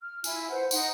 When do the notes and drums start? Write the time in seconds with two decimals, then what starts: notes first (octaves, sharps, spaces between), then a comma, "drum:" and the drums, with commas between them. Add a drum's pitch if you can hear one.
0.01 F6
0.24 E4 F4 E5 G#5, drum: tambourine
0.49 B4 C5 F#5
0.71 D#4 F#5 C6, drum: tambourine